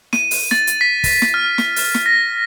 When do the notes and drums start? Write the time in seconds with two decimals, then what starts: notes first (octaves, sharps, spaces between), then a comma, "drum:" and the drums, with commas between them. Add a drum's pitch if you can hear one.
0.13 D#7, drum: snare
0.31 drum: open hi-hat
0.51 A6, drum: snare
0.67 drum: hi-hat
0.81 B6
1.04 drum: kick, open hi-hat
1.22 drum: snare
1.34 F6
1.58 drum: snare
1.76 drum: open hi-hat
1.94 drum: snare
2.06 A#6